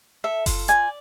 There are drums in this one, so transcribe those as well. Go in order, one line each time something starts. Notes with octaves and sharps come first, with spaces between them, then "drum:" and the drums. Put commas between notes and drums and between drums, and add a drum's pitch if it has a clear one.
A4 E5
F4, drum: kick F#1, open hi-hat
D5 G#5, drum: hi-hat